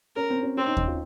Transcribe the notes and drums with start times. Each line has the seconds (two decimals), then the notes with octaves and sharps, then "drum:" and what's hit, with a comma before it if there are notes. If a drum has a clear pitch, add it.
0.16 C#4 A#4
0.30 C4
0.43 C#4
0.57 C4 C#4
0.66 D#4
0.77 D#4, drum: kick D#2
0.88 F4